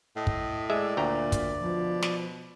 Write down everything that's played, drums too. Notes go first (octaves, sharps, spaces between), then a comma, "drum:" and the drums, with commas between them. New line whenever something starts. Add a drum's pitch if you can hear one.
A2 D#5
drum: kick
G#3 D5 E5
D2 A#2 G5 A#5
drum: kick, hi-hat
B2 F3
drum: snare